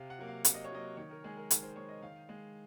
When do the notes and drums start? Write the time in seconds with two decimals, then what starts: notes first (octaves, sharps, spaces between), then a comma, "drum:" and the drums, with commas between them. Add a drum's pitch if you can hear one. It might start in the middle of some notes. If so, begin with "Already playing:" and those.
Already playing: C3 F5
0.10 F#5
0.18 F#3 A#3
0.28 F5
0.45 C3 F5, drum: hi-hat
0.54 D#5
0.64 C#5
0.72 F#3 A#3 D#5
0.97 D#3 C#5
1.11 A#4
1.24 G#3 G#4
1.37 A#4
1.51 D#3, drum: hi-hat
1.63 C5
1.76 G#3 C#5
1.89 D#5
2.02 D#3 F5
2.29 G#3